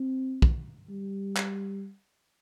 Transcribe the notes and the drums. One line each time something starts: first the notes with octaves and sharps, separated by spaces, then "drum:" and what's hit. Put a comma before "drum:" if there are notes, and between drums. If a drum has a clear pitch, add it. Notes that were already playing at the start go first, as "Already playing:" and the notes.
Already playing: C4
drum: kick
G3
drum: clap